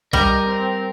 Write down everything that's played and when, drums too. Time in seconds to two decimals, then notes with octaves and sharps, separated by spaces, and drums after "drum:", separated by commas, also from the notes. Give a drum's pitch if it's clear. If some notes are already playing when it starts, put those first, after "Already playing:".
0.13 G3 A#4 D#5, drum: kick A#1
0.48 C4